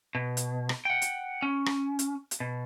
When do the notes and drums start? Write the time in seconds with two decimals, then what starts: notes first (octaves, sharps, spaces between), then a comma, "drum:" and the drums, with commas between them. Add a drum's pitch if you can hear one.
0.15 B2
0.37 drum: hi-hat
0.69 drum: rim click
0.85 F#5 G5
1.02 drum: hi-hat
1.42 C#4
1.66 drum: rim click
1.99 drum: hi-hat
2.31 drum: hi-hat
2.40 B2